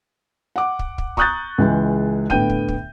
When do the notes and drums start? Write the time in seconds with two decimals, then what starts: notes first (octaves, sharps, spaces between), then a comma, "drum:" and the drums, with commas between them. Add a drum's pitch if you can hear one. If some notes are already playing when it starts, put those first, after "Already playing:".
0.56 F#5 D6
0.79 drum: kick
0.98 drum: kick
1.17 A#5 C#6 D#6 F#6 G6 A6, drum: kick
1.58 C#2 E3 G#3
2.30 A2 D3 B3 G5 G6 D#7, drum: kick
2.49 drum: kick
2.68 drum: kick